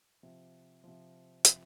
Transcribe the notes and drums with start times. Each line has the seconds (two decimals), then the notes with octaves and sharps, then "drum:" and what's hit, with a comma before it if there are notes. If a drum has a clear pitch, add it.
0.23 C3 F3
0.84 C3 F3
1.45 C3 F3, drum: hi-hat